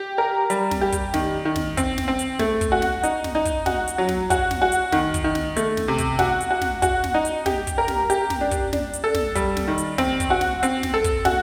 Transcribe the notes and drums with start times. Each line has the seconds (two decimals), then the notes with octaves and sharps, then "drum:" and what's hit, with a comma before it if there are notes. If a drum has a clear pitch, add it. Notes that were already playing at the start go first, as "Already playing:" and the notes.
Already playing: G4
0.18 A#4
0.50 G3, drum: hi-hat
0.71 drum: snare
0.81 G4
0.92 drum: kick, hi-hat
1.14 D#3, drum: snare
1.45 D#3
1.56 drum: snare
1.77 C4, drum: kick, hi-hat
1.98 drum: snare
2.08 C4
2.19 drum: hi-hat
2.39 A3, drum: snare
2.61 drum: kick, hi-hat
2.72 F#4
2.82 drum: snare
3.03 D#4, drum: hi-hat
3.24 drum: snare
3.35 D#4
3.45 drum: kick, hi-hat
3.66 F#4, drum: snare
3.88 drum: hi-hat
3.98 F#3
4.09 drum: snare
4.30 F#4, drum: kick, hi-hat
4.51 drum: snare
4.62 F#4
4.72 drum: hi-hat
4.92 D#3, drum: snare
5.14 drum: kick, hi-hat
5.24 D#3
5.35 drum: snare
5.56 A3, drum: hi-hat
5.77 drum: snare
5.88 C3
5.98 drum: kick, hi-hat
6.19 F#4, drum: snare
6.40 drum: hi-hat
6.51 F#4
6.62 drum: snare
6.82 F#4, drum: kick, hi-hat
7.04 drum: snare
7.14 D#4
7.25 drum: hi-hat
7.46 G4, drum: snare
7.67 drum: kick, hi-hat
7.78 A#4
7.88 drum: snare
8.10 G4, drum: hi-hat
8.30 drum: snare
8.41 D4
8.51 drum: kick, hi-hat
8.73 D4, drum: snare
8.93 drum: hi-hat
9.04 A4
9.15 drum: snare
9.35 G3, drum: kick, hi-hat
9.57 drum: snare
9.68 D#3
9.78 drum: hi-hat
9.98 C4, drum: snare
10.20 drum: kick, hi-hat
10.30 F#4
10.41 drum: snare
10.63 C4, drum: hi-hat
10.83 drum: snare
10.94 A4
11.04 drum: kick, hi-hat
11.25 F#4, drum: snare